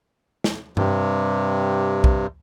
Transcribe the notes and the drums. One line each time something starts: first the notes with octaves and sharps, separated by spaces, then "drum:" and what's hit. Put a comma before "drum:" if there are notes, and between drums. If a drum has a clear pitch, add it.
drum: snare
G2 C3, drum: tom G2
drum: kick B1